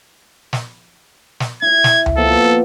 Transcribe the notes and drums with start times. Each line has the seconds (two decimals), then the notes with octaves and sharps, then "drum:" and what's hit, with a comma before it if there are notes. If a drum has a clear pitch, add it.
0.53 drum: snare
1.40 drum: snare
1.62 E4 E5 G#6
1.84 drum: snare
2.06 drum: tom C#2
2.17 F3 A#3 B3 A4